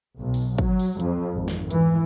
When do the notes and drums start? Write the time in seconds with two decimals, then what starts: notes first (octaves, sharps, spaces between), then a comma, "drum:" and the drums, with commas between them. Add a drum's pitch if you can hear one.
0.19 B1
0.34 drum: open hi-hat
0.58 F#3, drum: kick
0.80 drum: open hi-hat
1.00 F2, drum: hi-hat
1.34 G#1
1.48 drum: snare
1.71 E3, drum: hi-hat